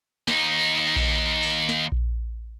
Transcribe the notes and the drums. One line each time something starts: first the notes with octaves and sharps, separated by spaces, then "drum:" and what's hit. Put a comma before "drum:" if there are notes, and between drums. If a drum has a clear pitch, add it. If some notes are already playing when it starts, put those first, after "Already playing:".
D#2 D#4, drum: snare
drum: kick A#1
drum: open hi-hat
drum: snare
drum: kick A#1